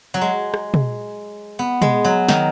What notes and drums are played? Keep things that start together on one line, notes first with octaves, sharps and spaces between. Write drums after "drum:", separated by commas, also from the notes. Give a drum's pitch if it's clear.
F#3
G#3
drum: rim click
drum: tom
B3
G#3, drum: tom
F#3
D#3, drum: snare